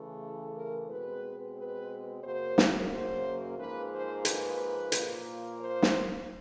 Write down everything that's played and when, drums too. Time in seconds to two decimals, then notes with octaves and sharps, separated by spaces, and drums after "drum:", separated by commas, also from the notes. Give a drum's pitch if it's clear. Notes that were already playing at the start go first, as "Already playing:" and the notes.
Already playing: C#3 E3 A3
0.54 A#4
0.89 B2 G#3 C4 B4
1.56 B4
2.23 F#2 C#3 F#3 A#3 C5
2.58 drum: snare
2.90 C5
3.57 G#2 F3 A#3 B4
3.92 C5
4.25 B4, drum: hi-hat
4.92 A#2 F3 A#3, drum: hi-hat
5.59 C5
5.82 drum: snare